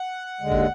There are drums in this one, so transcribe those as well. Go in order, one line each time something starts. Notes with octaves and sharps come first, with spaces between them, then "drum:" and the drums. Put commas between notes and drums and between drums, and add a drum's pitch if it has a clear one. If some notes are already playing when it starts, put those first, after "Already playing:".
Already playing: F#5
D#2 D3 G#3
drum: kick